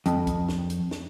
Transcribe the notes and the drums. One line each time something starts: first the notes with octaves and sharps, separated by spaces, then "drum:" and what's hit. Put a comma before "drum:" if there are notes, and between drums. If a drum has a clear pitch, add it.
F2, drum: hi-hat
drum: kick, hi-hat
drum: snare
drum: hi-hat
drum: snare